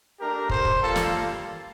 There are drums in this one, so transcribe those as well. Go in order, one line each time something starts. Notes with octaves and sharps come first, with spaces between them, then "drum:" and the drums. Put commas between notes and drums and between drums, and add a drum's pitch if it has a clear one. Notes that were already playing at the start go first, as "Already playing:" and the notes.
A3 D4 G4 A#4
C5, drum: kick
drum: kick
G3 A#3 F4 A4
drum: snare